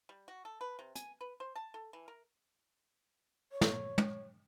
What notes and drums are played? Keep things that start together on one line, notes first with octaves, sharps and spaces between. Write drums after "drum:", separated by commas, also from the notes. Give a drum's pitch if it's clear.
G3
F#4
A4
B4
C3
G#5, drum: hi-hat
B4
C5
A5
A4
E3
A#4
C#5
drum: snare
drum: tom